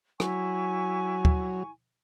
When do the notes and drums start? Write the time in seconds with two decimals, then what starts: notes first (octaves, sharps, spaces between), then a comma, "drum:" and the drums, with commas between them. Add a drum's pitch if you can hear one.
0.20 F#3 E4 G#5 C#6, drum: rim click
1.25 drum: kick